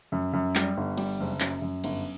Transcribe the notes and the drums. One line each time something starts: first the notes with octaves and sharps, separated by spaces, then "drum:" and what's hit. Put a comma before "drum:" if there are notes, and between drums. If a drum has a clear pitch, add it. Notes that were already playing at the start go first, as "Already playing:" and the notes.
F#2
F#2
G3, drum: clap
G1
G3, drum: cymbal
F#1
F#2, drum: clap
F#2
G1, drum: cymbal